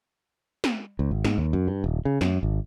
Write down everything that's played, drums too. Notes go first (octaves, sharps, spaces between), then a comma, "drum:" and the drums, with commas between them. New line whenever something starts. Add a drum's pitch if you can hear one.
drum: snare
C#2
G#1
G#2, drum: snare
D#2
F#2
G2
D#1
C#3
F#2, drum: snare
G#1